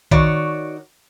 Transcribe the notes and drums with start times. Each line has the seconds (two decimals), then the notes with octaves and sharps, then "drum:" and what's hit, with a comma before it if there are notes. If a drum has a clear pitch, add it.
0.11 D#3 F#4 C#5 D5, drum: kick B1